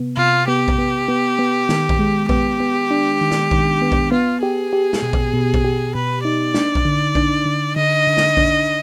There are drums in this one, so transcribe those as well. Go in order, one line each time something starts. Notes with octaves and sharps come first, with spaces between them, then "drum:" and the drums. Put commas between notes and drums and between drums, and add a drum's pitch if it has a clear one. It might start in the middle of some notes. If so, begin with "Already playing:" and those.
Already playing: C3 B3
C3 F4
B3 G4
drum: kick A#1
B3
B3
B3
D#3, drum: snare
drum: kick A#1
G#3
B3 G4, drum: kick A#1
B3
D4
D#3
drum: snare
D#3, drum: kick A#1
B3
drum: kick A#1
B3 F4
G4 G#4
G4
drum: snare
B2
drum: kick A#1
B2
drum: kick A#1
G4
B2 B4
D#4 D5
D4, drum: snare
drum: kick A#1
D3
D4, drum: kick A#1
D3
D3 D#5
D3
drum: snare
D4, drum: kick A#1